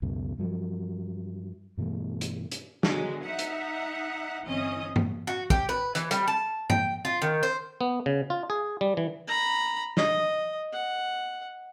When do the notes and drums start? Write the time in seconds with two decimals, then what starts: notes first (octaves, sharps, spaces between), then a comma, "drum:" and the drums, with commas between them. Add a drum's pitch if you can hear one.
0.02 C#2 F#2 B2
0.39 G2 F3 F#3
1.77 G2 B2 E3 A3
2.21 drum: hi-hat
2.52 drum: hi-hat
2.83 D3 F#3 G#3 B3, drum: snare
3.24 D#4 E5 F#5 A#5
3.39 drum: hi-hat
4.44 G1 E3 C4 C#4 D#5 D#6
4.96 drum: tom G2
5.27 F#4
5.50 G4, drum: kick
5.69 B4
5.95 E3, drum: hi-hat
6.11 G3, drum: hi-hat
6.28 A5
6.70 G5, drum: tom G2
7.05 F4
7.22 D#3
7.43 C5
7.81 B3
8.06 C#3
8.30 F4
8.50 G#4
8.81 G3
8.97 E3
9.28 A#5 B5
9.97 D#5, drum: snare
10.73 F#5